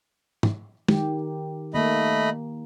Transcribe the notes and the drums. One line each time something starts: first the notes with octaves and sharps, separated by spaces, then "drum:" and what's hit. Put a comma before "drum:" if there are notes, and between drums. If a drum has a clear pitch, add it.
drum: tom
D#3 G4, drum: tom
D#3 A3 A#3 D#5 B5